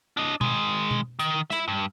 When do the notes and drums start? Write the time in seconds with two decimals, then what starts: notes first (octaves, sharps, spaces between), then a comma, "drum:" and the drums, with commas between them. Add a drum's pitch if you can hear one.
0.17 D4 D#5
0.41 D#3 G#3, drum: tom B2
0.91 drum: tom B2
1.19 D#3, drum: hi-hat
1.50 E4 E5, drum: snare
1.68 G2